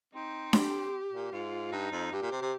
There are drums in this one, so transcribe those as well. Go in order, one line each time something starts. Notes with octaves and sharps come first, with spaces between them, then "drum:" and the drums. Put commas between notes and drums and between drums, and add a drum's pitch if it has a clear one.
C4 D#4
G4, drum: snare D4
A#2
G#2 F4
G2 D#4
F2
G2 G4
A#2
C3
C3